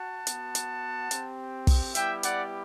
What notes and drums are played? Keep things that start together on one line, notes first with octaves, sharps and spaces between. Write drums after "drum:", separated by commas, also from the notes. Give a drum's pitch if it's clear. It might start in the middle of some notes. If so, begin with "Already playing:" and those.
Already playing: F#4 F#5 A5
B3 F#4, drum: hi-hat
drum: hi-hat
C4 G4, drum: hi-hat
drum: kick, open hi-hat
G3 B3 E4 G4 E5 G5, drum: hi-hat
D5 F#5, drum: hi-hat